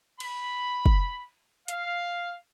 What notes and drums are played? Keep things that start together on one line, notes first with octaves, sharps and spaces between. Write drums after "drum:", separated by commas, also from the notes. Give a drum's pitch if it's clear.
B5, drum: cymbal
drum: kick
F5, drum: hi-hat